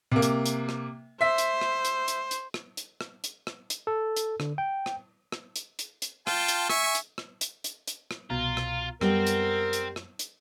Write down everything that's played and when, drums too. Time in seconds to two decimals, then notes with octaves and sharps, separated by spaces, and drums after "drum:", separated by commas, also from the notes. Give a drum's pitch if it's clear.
0.11 C3 A#3
0.22 drum: hi-hat
0.46 drum: hi-hat
0.69 drum: rim click
1.21 C5 E5 B6
1.38 drum: hi-hat
1.61 drum: rim click
1.85 drum: hi-hat
2.08 drum: hi-hat
2.31 drum: hi-hat
2.54 drum: rim click
2.77 drum: hi-hat
3.01 drum: rim click
3.24 drum: hi-hat
3.47 drum: rim click
3.70 drum: hi-hat
3.87 A4
4.16 drum: hi-hat
4.40 D3, drum: rim click
4.58 G5
4.86 drum: rim click
5.32 drum: rim click
5.56 drum: hi-hat
5.79 drum: hi-hat
6.02 drum: hi-hat
6.27 F4 G5 A5, drum: rim click
6.48 drum: hi-hat
6.69 E5 G#5 C#6, drum: rim click
6.95 drum: hi-hat
7.18 drum: rim click
7.41 drum: hi-hat
7.64 drum: hi-hat
7.87 drum: hi-hat
8.11 drum: rim click
8.30 C2 B2 F4 A#5
8.57 drum: rim click
9.01 F#2 G3 B3 C4 A#4, drum: rim click
9.27 drum: hi-hat
9.73 drum: hi-hat
9.96 drum: rim click
10.19 drum: hi-hat